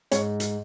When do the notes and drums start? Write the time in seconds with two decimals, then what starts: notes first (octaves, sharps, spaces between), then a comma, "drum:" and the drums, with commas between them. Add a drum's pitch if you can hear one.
0.11 G#2 C#5, drum: hi-hat
0.40 drum: hi-hat